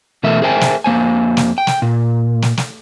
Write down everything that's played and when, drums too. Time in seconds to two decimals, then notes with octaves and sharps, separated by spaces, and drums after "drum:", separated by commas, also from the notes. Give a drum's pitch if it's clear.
0.23 B2 E3 A3 A#4 E5
0.42 G#4 A#4 C5 E5 G5 G#5
0.61 drum: snare
0.84 F2 A#3 C5 G#5
1.37 drum: snare
1.58 G5
1.67 drum: snare
1.82 A#2
2.42 drum: snare
2.57 drum: snare